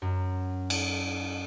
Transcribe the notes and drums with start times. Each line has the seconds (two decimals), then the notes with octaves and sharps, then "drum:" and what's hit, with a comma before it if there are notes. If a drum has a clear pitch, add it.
0.02 F#2
0.70 drum: cymbal